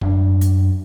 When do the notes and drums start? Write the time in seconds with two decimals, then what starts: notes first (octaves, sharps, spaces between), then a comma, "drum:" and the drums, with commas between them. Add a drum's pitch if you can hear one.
0.01 F#2 D4, drum: kick
0.41 drum: hi-hat